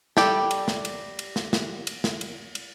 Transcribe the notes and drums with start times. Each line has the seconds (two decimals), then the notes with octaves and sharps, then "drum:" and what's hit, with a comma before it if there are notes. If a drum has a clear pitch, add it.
0.17 G3 G4 A4, drum: snare
0.51 drum: cymbal
0.68 drum: snare
0.85 drum: cymbal
1.19 drum: cymbal
1.36 drum: snare
1.53 drum: snare
1.87 drum: cymbal
2.04 drum: snare
2.21 drum: cymbal
2.55 drum: cymbal